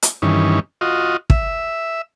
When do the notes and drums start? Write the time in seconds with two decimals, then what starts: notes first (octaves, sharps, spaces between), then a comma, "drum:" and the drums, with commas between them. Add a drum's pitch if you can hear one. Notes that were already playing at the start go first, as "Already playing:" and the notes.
0.03 drum: hi-hat
0.22 G2 D#3 E3 C#4
0.81 F4 F#4 D#5
1.30 E5, drum: kick